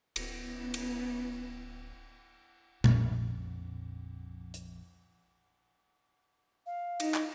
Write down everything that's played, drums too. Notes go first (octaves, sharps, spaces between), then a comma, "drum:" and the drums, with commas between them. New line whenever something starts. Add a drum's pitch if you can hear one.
D1 B3 C#4 E4, drum: cymbal
drum: cymbal
A#1 F2, drum: tom A#2
drum: hi-hat
F5
D#4, drum: cymbal
drum: clap